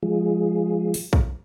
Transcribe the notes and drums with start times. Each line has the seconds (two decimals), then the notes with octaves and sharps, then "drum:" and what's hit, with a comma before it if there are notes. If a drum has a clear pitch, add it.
0.03 F3 G#3
0.94 drum: open hi-hat
1.13 drum: kick